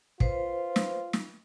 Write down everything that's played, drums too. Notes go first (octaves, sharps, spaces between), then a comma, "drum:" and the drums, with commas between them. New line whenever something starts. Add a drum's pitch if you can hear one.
F4 B4 C5, drum: kick
drum: snare
drum: snare